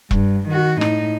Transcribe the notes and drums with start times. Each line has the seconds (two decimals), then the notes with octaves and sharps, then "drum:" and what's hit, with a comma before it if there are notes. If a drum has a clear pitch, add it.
0.11 G2, drum: kick E1
0.48 D#3 F#4
0.81 A2 D#4, drum: rim click